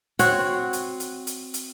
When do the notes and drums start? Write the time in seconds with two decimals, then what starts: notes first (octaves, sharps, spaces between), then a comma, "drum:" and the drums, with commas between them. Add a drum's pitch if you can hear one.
0.19 C4 F#4 C#5, drum: hi-hat
0.73 drum: hi-hat
1.00 drum: hi-hat
1.27 drum: hi-hat
1.54 drum: hi-hat